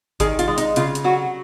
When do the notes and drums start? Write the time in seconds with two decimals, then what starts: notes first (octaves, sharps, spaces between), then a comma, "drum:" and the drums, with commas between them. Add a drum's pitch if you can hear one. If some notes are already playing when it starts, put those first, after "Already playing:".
0.20 D#3 G#4, drum: kick G#1, hi-hat
0.39 F4, drum: hi-hat
0.47 G#3
0.58 D#4, drum: hi-hat
0.76 C#3 F4, drum: hi-hat
0.95 drum: hi-hat
1.04 F#3 F#4